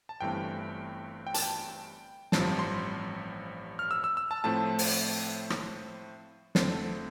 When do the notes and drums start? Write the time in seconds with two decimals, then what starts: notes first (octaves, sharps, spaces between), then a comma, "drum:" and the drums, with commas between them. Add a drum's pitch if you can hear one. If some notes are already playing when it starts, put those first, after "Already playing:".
0.09 A5
0.21 G1 G2 E3 A3 C4 G5
1.27 G5
1.34 A5, drum: hi-hat
1.42 G5
2.32 A1 G2 F3 C4 A5, drum: snare
2.59 C6
3.79 F6
3.91 E6
4.04 E6
4.17 E6
4.31 A5
4.44 A2 F3 A3 C4 A5
4.79 drum: open hi-hat
5.50 drum: rim click
6.55 F2 D3 A3 C4, drum: snare